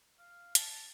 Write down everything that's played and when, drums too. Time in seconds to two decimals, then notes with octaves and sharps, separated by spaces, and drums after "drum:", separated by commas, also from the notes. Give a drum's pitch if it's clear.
0.19 F5
0.55 A5, drum: hi-hat
0.71 A5